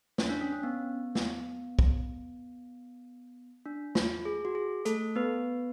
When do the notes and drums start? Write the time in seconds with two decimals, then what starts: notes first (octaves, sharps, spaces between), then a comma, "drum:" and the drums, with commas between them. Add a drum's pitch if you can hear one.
0.18 C#4, drum: snare
0.29 D4
0.41 C#4
0.53 C#4
0.63 B3
1.15 drum: snare
1.79 drum: kick
3.65 D4
3.95 F4, drum: snare
4.25 G#4
4.45 F#4
4.55 G#4
4.85 A3 A4, drum: hi-hat
5.16 B3 B4